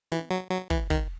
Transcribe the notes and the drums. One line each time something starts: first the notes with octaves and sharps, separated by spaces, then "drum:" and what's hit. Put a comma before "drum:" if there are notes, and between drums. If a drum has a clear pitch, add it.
E3, drum: snare
F#3
F#3
E3, drum: kick
D#3, drum: kick